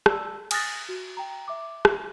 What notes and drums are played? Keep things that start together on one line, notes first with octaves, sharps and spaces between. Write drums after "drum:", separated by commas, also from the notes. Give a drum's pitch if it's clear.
D5 A5 E6, drum: rim click
G#5 D#6 F6 F#6 A6 A#6, drum: cymbal
F#4
G5 A#5
E5 D6
drum: rim click